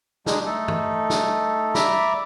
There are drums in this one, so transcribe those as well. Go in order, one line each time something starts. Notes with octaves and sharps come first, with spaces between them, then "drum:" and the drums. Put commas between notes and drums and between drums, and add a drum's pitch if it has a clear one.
G#3 D4 D#4, drum: snare
A3 D#4 A4
drum: tom G2
drum: snare
D5 E5 A#5 B5 D6, drum: snare